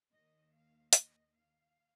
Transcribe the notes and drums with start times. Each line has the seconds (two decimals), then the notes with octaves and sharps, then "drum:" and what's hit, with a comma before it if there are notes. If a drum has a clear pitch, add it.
0.11 D#2 D#3 A#3 D#5
0.52 F5
0.93 D#5, drum: hi-hat
1.34 F5